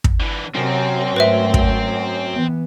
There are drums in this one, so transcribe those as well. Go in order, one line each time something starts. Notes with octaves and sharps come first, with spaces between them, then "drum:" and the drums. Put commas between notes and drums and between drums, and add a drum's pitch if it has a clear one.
drum: kick
D3 E3
F#2 C3 C4
G#2 A3 B4 C5 E5
drum: kick
E3 B3